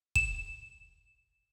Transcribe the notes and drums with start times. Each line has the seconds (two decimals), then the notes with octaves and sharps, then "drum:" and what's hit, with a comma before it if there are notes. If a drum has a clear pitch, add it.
0.16 E7, drum: kick